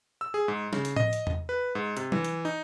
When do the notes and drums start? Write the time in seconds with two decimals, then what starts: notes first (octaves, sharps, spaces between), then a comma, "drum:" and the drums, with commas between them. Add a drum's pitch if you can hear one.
0.21 E6
0.34 G#4
0.48 G#2
0.73 C#3, drum: snare
0.85 drum: hi-hat
0.96 D#5, drum: tom A2
1.13 drum: hi-hat
1.27 drum: tom E2
1.49 B4
1.75 G#2
1.97 C3, drum: hi-hat
2.12 E3, drum: tom F#3
2.25 drum: hi-hat
2.45 D#4